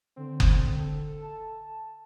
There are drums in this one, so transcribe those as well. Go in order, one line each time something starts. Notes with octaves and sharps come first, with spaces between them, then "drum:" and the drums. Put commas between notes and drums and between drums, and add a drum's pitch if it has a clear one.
D3 C4
drum: kick F#1
A4
A5